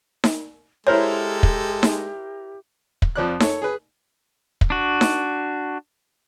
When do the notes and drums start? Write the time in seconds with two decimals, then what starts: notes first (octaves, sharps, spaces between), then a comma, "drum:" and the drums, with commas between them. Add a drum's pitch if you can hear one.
0.24 drum: snare D#4
0.87 G#3 E4 G4 A4 A#4 C5 C#5
1.43 drum: kick
1.83 drum: snare D#4
3.02 drum: kick
3.15 F2 F3 D5 F#6
3.40 A4 C#5, drum: snare D#4
3.62 G#4 B4
4.61 drum: kick
4.70 D4 F#4
5.01 drum: snare D#4